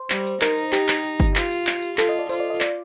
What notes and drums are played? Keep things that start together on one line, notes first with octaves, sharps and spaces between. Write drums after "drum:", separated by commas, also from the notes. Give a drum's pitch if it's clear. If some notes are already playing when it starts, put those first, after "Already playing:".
Already playing: C5
G3, drum: clap
drum: tambourine
D#4 A#4, drum: clap
drum: tambourine
G4, drum: clap
drum: clap
drum: tambourine
drum: kick G1, tambourine
F4, drum: clap
drum: tambourine
drum: clap
drum: tambourine
F4 A4, drum: clap
D#5
D5
F4 C5, drum: tambourine
D5
D#5
D5, drum: clap